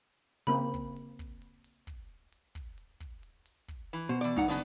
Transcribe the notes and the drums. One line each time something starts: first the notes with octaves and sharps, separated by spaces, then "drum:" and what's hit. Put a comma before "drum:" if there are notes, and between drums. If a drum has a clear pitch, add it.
C#3 A#3 C4 B5
drum: kick, hi-hat
drum: hi-hat
drum: kick
drum: hi-hat
drum: open hi-hat
drum: kick, hi-hat
drum: hi-hat
drum: kick, hi-hat
drum: hi-hat
drum: kick, hi-hat
drum: hi-hat
drum: open hi-hat
drum: kick, hi-hat
E3
B2 C5
E3 D5
G#2 D#4 F#5, drum: kick, hi-hat
F#2 C#3 B3 D4 D#4